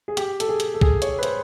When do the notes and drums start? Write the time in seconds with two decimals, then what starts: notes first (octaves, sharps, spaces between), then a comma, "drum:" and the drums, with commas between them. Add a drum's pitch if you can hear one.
0.08 G#4
0.17 G4, drum: hi-hat
0.40 A4, drum: hi-hat
0.49 G#4
0.60 drum: hi-hat
0.74 A4
0.81 G#4, drum: kick
1.02 C#5, drum: hi-hat
1.19 B4
1.23 C5, drum: hi-hat